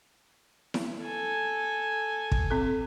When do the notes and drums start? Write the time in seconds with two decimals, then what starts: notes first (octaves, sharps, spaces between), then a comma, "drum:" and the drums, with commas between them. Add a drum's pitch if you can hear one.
0.74 drum: snare E4
1.01 A4 G#5
2.32 drum: kick
2.50 C4 A4